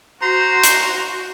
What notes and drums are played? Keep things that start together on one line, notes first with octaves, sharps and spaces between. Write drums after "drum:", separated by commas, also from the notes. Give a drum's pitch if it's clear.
F#4 C5 A#5 C6
drum: hi-hat